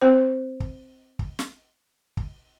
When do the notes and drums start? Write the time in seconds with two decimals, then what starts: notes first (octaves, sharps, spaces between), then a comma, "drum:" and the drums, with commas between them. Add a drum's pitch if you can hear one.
0.01 C4 C5
0.60 drum: kick
1.19 drum: kick
1.39 drum: snare
2.17 drum: kick